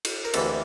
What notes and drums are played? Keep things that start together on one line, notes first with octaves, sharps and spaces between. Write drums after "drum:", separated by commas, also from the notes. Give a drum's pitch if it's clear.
drum: cymbal
A#4
D2 C3 E3 A#3 A4, drum: cymbal